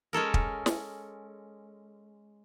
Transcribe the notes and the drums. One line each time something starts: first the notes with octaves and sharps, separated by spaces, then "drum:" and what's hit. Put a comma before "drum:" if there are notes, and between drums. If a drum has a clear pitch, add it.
G#3 C#4 A4 A#4
drum: kick
drum: snare